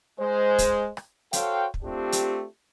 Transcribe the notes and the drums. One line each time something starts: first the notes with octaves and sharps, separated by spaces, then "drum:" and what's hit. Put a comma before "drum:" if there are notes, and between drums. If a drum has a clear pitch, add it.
G#3 C5
drum: kick, hi-hat
drum: rim click
F#4 A4 C5 C#5 F5 G5, drum: hi-hat
drum: kick
A3 C4 D4 F4 G4
drum: hi-hat